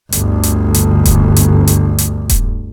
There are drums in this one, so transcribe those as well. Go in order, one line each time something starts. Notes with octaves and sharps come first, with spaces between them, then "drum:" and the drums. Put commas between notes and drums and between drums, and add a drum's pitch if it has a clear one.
G1 D2, drum: hi-hat
drum: hi-hat
drum: hi-hat
drum: kick D#1, hi-hat
drum: hi-hat
drum: hi-hat
drum: hi-hat
drum: kick D#1, hi-hat